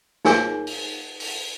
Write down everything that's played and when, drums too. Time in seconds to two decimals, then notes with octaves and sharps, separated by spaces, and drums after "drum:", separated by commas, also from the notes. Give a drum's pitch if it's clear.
0.25 D#4 G#4 A#4 C#5 G#5 D6, drum: snare
0.67 drum: open hi-hat
1.20 drum: open hi-hat